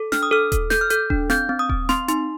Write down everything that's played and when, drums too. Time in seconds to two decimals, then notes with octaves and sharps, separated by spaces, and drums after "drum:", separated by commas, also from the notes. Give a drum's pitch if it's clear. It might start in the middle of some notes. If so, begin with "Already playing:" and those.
Already playing: A4
0.12 D4 F6, drum: snare
0.23 D#6
0.31 A4 F6
0.52 A4, drum: kick D#1, hi-hat
0.70 A4 G6, drum: snare
0.81 F6
0.90 A4 G6, drum: hi-hat
1.10 D4, drum: kick D#1
1.30 C4 G6, drum: snare
1.49 C4
1.59 D#6
1.70 C4, drum: kick D#1
1.89 C4 C6, drum: snare
2.08 D#4 C6, drum: hi-hat